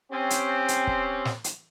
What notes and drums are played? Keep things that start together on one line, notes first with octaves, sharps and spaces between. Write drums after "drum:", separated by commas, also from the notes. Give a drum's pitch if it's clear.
C4 C#4 G4
drum: hi-hat
drum: hi-hat
drum: kick
drum: snare
drum: hi-hat